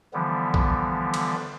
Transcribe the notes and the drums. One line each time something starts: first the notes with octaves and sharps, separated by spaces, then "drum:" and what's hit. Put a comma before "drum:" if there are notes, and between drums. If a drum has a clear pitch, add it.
D3 E3 F3 G3 B3
drum: kick
drum: cymbal